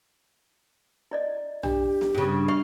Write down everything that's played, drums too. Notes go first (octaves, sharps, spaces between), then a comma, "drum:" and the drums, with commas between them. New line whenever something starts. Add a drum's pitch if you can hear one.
E4 D5 D#5
D4 G4, drum: tom
drum: snare B3
G2 C#3
E4 F5 C#6